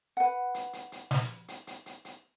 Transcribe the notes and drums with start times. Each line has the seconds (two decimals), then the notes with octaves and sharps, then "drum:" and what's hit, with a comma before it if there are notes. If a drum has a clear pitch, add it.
0.17 B4 F#5
0.54 drum: hi-hat
0.73 drum: hi-hat
0.92 drum: hi-hat
1.11 drum: snare
1.48 drum: hi-hat
1.67 drum: hi-hat
1.86 drum: hi-hat
2.05 drum: hi-hat